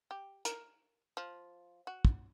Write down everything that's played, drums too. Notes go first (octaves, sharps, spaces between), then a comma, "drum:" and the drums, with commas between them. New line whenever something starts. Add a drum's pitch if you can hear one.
G4
A#4, drum: hi-hat
F3
F#4
drum: kick